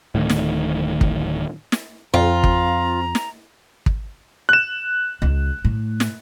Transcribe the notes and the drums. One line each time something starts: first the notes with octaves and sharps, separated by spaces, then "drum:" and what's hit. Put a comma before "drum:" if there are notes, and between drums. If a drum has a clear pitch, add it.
D1 A2 D#3
drum: snare
drum: kick
drum: snare
F2 C4 F4 A#5
drum: kick
drum: snare
drum: kick
F#6 E7
C#2
A2
drum: snare